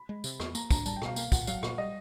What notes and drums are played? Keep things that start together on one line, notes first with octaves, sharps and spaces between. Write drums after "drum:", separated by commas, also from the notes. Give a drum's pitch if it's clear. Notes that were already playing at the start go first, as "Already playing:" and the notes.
Already playing: B5
G#3
C3, drum: tambourine
E2, drum: rim click
A#3 A#5, drum: tambourine
D4 A#5, drum: kick, tambourine
G3 A5, drum: tambourine
G5
B2 F5, drum: rim click
A#3 F5, drum: tambourine
A#2 F#5, drum: kick, tambourine
F#3 F5, drum: tambourine
A#2, drum: rim click
G3 D#5